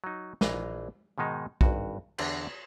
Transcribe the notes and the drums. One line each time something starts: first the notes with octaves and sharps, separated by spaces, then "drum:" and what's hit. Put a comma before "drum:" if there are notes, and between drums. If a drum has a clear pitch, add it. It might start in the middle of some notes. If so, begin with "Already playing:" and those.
F#3 D#4
A#1 E3 D#5 F5 A#5, drum: snare
G#2 B2 D#3 G#3 D#4
G#1 G2 F#4, drum: kick B1
E2 D3 D4 G4, drum: cymbal